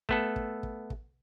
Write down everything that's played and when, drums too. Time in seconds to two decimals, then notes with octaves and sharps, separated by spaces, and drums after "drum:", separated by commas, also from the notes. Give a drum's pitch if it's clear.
0.09 A3 B3 A4, drum: kick
0.36 drum: kick
0.63 drum: kick
0.90 drum: kick